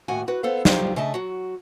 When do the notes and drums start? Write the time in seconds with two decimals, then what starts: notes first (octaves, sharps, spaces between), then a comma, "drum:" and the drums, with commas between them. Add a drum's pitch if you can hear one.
0.08 D#2 A2 F#4 F#5 G#5
0.28 F#4 B4
0.43 B3 A4 C5 F5
0.65 D#4 F4 G4 C5 F5, drum: snare
0.96 C#3 A3 D4 D#5 E5 A5
1.14 F#3 F#4